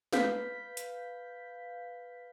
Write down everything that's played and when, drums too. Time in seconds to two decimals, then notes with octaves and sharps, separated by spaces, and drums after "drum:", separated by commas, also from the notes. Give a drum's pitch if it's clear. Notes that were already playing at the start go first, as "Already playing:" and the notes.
0.13 B4 F5 G6 B6, drum: snare
0.77 drum: hi-hat